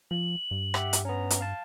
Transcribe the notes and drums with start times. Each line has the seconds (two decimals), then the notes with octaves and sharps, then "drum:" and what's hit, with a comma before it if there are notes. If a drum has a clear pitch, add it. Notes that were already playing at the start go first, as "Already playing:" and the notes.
0.11 F3 F#7
0.51 G2
0.74 G4 E5 F#5, drum: rim click
0.93 drum: hi-hat
1.05 B3 C#4 A#5
1.30 drum: hi-hat
1.41 F5 A5